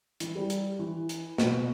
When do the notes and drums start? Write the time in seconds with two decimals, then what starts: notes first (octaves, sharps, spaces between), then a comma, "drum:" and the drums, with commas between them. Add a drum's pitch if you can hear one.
0.20 E3, drum: hi-hat
0.35 G3
0.50 drum: hi-hat
0.79 E3
1.09 drum: hi-hat
1.38 B2, drum: snare